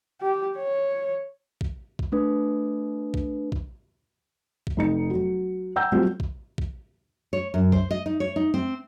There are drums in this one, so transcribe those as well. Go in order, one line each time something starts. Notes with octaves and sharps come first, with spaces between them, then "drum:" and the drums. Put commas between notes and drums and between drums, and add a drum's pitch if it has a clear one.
G4
C#5
drum: kick A#1
drum: kick A#1
A3 D4 B4
drum: kick A#1
drum: kick A#1
drum: kick A#1
F1 D#4 C#7
F#3
F#5 G5 A#5 E6 G6
F#3 G3 A3 C4 F4
drum: kick A#1
drum: kick A#1
C#5
F#2
C5, drum: kick A#1
D#5
D#4
C#5
D#4
C4